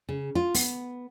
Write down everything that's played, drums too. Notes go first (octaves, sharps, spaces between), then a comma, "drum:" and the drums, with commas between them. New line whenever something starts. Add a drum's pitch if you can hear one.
C#3
F4
B3, drum: open hi-hat